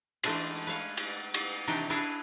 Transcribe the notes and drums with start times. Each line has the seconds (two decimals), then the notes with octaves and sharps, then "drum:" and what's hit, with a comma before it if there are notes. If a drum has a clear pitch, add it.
0.23 E3 G#3 A3 D4 C5, drum: cymbal
0.67 B4 C#5 F5
0.97 drum: cymbal
1.34 drum: cymbal
1.67 C3 D#3 E3 D4 D#4 G4
1.90 D4 E4 G#4 B4 C#5 D#5